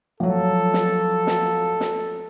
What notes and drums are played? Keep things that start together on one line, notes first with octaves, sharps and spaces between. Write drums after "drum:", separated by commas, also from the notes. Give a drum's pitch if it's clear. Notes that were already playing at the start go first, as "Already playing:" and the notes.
F3 F#3 A4
drum: snare
drum: snare
drum: snare